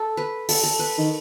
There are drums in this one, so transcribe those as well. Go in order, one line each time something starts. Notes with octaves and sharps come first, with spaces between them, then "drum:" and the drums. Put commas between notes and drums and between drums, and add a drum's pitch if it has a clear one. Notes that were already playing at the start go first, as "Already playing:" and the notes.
Already playing: A4
B4
A4, drum: open hi-hat
A4
B4
D#3